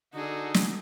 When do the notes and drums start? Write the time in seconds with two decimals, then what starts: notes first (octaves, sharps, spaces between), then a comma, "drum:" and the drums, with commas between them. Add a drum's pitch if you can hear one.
0.13 D3 D#4 F#4 G#4 A4
0.54 drum: snare